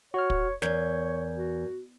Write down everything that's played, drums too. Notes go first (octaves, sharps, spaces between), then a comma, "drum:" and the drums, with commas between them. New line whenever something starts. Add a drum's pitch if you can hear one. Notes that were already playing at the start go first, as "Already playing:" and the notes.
F#4 C#5 F6
drum: kick
E2 A#4 C#5 G6 G#6, drum: snare
F#4